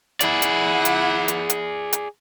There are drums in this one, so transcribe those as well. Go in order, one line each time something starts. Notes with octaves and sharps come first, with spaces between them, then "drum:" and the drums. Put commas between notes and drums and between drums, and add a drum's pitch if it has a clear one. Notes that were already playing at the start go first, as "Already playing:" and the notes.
E4 G#4 D5 F#5, drum: hi-hat
drum: hi-hat
drum: hi-hat
drum: hi-hat
drum: hi-hat
drum: hi-hat